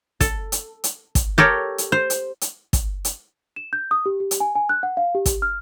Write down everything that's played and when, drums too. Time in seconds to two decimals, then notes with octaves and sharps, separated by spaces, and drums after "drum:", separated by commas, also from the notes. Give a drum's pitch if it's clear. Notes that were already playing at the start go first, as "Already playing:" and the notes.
0.20 A4, drum: kick, hi-hat
0.52 drum: hi-hat
0.84 drum: hi-hat
1.15 drum: kick, hi-hat
1.38 G4 A4 A#4 C#5
1.78 drum: hi-hat
1.92 C5
2.10 drum: hi-hat
2.41 drum: hi-hat
2.73 drum: kick, hi-hat
3.05 drum: hi-hat
3.56 E7
3.73 G6
3.91 D#6
4.06 G4
4.20 G4
4.31 drum: hi-hat
4.40 G#5
4.55 G#5
4.69 F#6
4.83 F#5
4.97 F5
5.15 G4
5.26 drum: kick, hi-hat
5.42 F6